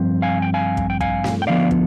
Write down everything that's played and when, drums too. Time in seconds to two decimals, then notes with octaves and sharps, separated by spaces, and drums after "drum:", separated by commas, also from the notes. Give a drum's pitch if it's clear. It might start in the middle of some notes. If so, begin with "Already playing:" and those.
Already playing: G2 F3 C4
0.22 F5 G#5
0.42 G5
0.54 F5 G#5
0.77 drum: kick
0.90 G5
1.01 F5 G#5, drum: kick
1.24 drum: snare
1.42 G5
1.47 D3 F3 B3 D5 F5
1.71 drum: kick